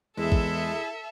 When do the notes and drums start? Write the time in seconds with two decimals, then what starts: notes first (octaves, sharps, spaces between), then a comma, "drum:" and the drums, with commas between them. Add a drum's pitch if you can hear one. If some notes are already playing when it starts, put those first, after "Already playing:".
0.17 E2 G#3 E4 G#4 A4 E5
0.32 drum: kick A1